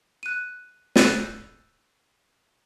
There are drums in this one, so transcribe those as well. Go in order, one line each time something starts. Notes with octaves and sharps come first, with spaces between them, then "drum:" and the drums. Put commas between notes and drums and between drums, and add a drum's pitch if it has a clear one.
F#6 D#7
E6 F#6 G6 A6 A#6 D#7, drum: snare